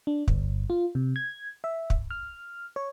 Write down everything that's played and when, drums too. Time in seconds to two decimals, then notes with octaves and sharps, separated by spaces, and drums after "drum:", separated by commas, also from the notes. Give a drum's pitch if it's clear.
0.07 D4
0.28 G1, drum: kick
0.70 F4
0.95 C3
1.16 G#6
1.64 E5
1.90 drum: kick
2.10 F6
2.76 C#5